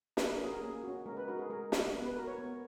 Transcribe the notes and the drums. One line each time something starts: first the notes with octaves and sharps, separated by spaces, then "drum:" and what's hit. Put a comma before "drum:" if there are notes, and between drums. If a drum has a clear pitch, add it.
A#3 B4, drum: snare
A#4
C#4 F#4 G#4
A#4
A#3 G#4
C#4 F#4
G#3 A#4
B4
D#4 F#4 A#4
G#4
G#3 A#4
D#4 F#4, drum: snare
B3 B4
B4
F#4 A#4
C#5
B3